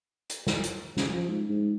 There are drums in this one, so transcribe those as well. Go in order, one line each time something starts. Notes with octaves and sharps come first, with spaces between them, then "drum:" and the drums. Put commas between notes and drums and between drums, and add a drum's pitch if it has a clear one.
drum: hi-hat
drum: snare
drum: hi-hat
C#3, drum: snare
F3
G#2
G#2